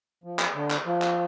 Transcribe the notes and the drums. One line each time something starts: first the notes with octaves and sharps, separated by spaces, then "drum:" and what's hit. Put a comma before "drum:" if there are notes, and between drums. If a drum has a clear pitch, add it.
F3
drum: clap
D3
drum: clap
F3
drum: clap